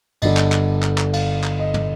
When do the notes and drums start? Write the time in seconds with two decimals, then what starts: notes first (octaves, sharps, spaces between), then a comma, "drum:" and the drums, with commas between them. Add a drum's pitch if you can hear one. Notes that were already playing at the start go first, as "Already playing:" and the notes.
0.22 G1 G2 D3 D#5, drum: cymbal
0.37 drum: clap
0.52 drum: clap
0.83 drum: clap
0.98 drum: clap
1.13 F5, drum: cymbal
1.44 drum: clap
1.59 D#5
1.74 drum: tom